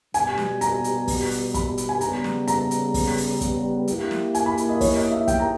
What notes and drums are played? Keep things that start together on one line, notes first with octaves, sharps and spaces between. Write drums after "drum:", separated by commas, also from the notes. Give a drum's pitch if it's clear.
B2 G3 B3 G4 G#5, drum: hi-hat
drum: snare
A#5, drum: hi-hat
drum: hi-hat
drum: kick, open hi-hat
drum: open hi-hat
B5, drum: kick, hi-hat
drum: hi-hat
G#5
C#3 G3 B3 A#5, drum: hi-hat
drum: snare
A#5, drum: hi-hat
drum: hi-hat
drum: kick, open hi-hat
drum: open hi-hat
drum: kick, hi-hat
A#3 E4 G4, drum: hi-hat
drum: snare
G#5, drum: hi-hat
B5
drum: hi-hat
D#5
C#5, drum: kick, open hi-hat
D#5
E5
G5, drum: kick, hi-hat
A#5